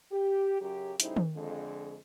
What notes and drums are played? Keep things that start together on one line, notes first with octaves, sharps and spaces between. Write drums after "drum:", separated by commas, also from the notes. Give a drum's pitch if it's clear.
G4
F#2 C#3 F#3 G4
A2 C#3 G3 D#4 E4 C5, drum: hi-hat
drum: tom D#3
F2 D3 G#3